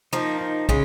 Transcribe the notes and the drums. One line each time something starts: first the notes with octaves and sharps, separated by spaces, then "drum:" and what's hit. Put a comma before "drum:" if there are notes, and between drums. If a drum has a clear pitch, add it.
F3 A#3 D#4
D#4
C#3 G#3 C#4, drum: kick